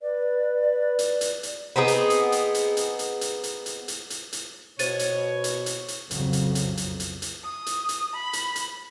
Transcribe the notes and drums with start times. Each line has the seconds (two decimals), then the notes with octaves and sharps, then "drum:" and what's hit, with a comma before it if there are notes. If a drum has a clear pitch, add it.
0.01 B4 D5
0.99 drum: hi-hat
1.21 drum: hi-hat
1.43 drum: hi-hat
1.76 B3 C4 D#4 G#4
1.88 drum: hi-hat
2.10 drum: hi-hat
2.32 drum: hi-hat
2.54 drum: hi-hat
2.77 drum: hi-hat
2.99 drum: hi-hat
3.21 drum: hi-hat
3.44 drum: hi-hat
3.66 drum: hi-hat
3.88 drum: hi-hat
4.10 drum: hi-hat
4.33 drum: hi-hat
4.79 B2 C5 C#5 A6 D#7, drum: hi-hat
4.99 drum: hi-hat
5.44 drum: hi-hat
5.66 drum: hi-hat
5.88 drum: hi-hat
6.11 B1 F2 C#3 F#3, drum: hi-hat
6.33 drum: hi-hat
6.55 drum: hi-hat
6.77 drum: hi-hat
7.00 drum: hi-hat
7.22 drum: hi-hat
7.45 D#6
7.66 drum: hi-hat
7.89 drum: hi-hat
8.13 B5
8.33 drum: hi-hat
8.56 drum: hi-hat